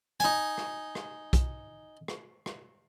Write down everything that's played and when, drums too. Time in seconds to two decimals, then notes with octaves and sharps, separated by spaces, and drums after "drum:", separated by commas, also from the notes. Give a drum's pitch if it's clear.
0.20 D#4 G#5, drum: hi-hat
0.58 drum: rim click
0.95 drum: rim click
1.33 drum: kick, hi-hat
2.08 drum: rim click
2.46 drum: rim click